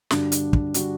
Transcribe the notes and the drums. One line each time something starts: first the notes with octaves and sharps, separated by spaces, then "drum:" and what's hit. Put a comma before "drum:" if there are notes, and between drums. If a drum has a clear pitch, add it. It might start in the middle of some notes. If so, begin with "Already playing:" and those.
G2 D3 G3 D4 F#4, drum: snare
drum: hi-hat
drum: kick
D3 G3 D4 F#4, drum: hi-hat